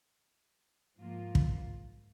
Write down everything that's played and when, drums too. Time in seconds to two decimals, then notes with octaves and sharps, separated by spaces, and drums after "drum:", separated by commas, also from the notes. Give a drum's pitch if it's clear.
0.97 G#2 F3 A#3 F4
1.35 drum: kick